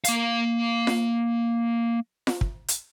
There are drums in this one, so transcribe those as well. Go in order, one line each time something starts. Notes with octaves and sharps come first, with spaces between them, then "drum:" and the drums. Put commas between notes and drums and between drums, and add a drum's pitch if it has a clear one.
A#3 F5, drum: hi-hat
drum: snare F4
drum: snare F4
drum: kick
drum: hi-hat